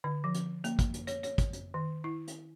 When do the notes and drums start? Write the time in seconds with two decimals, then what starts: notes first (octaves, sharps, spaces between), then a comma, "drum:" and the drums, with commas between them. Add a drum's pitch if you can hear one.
0.04 D3
0.24 F3
0.34 drum: hi-hat
0.64 A#3, drum: hi-hat
0.79 drum: kick, hi-hat
0.94 drum: hi-hat
1.07 C#5, drum: hi-hat
1.23 C#5, drum: hi-hat
1.38 drum: kick, hi-hat
1.53 drum: hi-hat
1.74 D#3
2.04 E4
2.27 drum: hi-hat